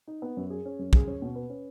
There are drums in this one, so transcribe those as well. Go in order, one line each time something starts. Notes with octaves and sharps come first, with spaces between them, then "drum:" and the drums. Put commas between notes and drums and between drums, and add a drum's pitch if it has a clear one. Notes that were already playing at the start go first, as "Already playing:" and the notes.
D#4
B3
F#2
G#4
C#4
F#2
G#4, drum: kick
C#4
B2
B4
C#4